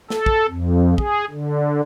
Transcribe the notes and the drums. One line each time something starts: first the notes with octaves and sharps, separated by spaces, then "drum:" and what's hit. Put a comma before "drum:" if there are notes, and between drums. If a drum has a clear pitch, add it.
A4, drum: snare
drum: kick
F2
G#4, drum: kick
D3